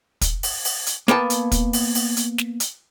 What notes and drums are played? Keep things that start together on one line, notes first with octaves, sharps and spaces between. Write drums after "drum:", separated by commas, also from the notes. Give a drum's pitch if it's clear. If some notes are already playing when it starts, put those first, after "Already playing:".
drum: kick, hi-hat
drum: open hi-hat
drum: open hi-hat
drum: hi-hat
A#3 B3 G5 A5, drum: snare
drum: hi-hat
drum: kick, hi-hat
drum: open hi-hat
drum: open hi-hat
drum: hi-hat
drum: snare
drum: hi-hat